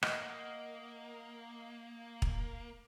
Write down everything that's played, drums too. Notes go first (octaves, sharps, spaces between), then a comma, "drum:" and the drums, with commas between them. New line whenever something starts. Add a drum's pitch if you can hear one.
A#3 D#5 F#5 F6, drum: rim click
drum: kick